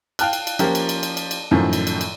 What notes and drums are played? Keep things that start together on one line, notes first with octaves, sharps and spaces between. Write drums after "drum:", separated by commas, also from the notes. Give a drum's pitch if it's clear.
F5 G5 A5 F6 F#6, drum: cymbal
drum: cymbal
drum: cymbal
F3 A#3 C#4 F4 G4, drum: cymbal
drum: cymbal
drum: cymbal
drum: cymbal
drum: cymbal
drum: cymbal
F#2 A2 D#3 F3
drum: cymbal
drum: cymbal
drum: cymbal